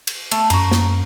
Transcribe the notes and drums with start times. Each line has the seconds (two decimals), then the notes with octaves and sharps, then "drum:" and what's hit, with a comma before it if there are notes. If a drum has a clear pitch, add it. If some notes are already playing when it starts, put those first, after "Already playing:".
0.07 drum: cymbal
0.31 A3, drum: cymbal
0.50 F#2 F#4 A#5, drum: cymbal
0.71 drum: snare